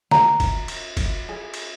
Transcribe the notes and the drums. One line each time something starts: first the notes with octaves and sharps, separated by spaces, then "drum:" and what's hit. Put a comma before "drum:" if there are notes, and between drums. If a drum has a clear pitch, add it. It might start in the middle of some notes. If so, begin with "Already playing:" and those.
A#5, drum: snare
drum: kick, cymbal
drum: cymbal
drum: kick, cymbal
G#4
drum: cymbal